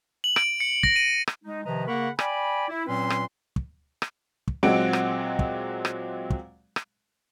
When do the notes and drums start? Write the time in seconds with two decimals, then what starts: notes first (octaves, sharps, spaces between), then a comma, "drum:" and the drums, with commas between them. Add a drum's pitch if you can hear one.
0.24 F#7
0.36 D7, drum: rim click
0.60 C#7
0.83 A#6, drum: kick
0.96 D#7
1.28 drum: rim click
1.44 G#3 D#4
1.65 C3 D#3 F3 B4 D#5 A#5
1.87 C#3 A#3 A#4 F#5 B5 C#6
2.19 D5 G5 G#5 B5, drum: rim click
2.69 E4
2.87 A#2 F#3 C4 C#4 B4 C6
3.10 drum: rim click
3.56 drum: kick
4.02 drum: rim click
4.48 drum: kick
4.63 A#2 F#3 G#3 C4 F#5 D7
4.93 drum: rim click
5.39 drum: kick
5.85 drum: rim click
6.30 drum: kick
6.76 drum: rim click